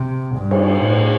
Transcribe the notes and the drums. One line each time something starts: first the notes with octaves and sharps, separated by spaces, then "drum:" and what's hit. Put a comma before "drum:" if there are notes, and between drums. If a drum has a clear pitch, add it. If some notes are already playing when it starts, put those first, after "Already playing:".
Already playing: C3
G2
drum: cymbal
A2